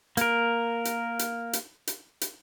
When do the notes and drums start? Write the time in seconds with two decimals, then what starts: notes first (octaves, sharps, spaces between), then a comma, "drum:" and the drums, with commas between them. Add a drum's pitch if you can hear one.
0.17 A#3 A#4, drum: hi-hat
0.85 drum: hi-hat
1.19 drum: hi-hat
1.53 drum: hi-hat
1.87 drum: hi-hat
2.21 drum: hi-hat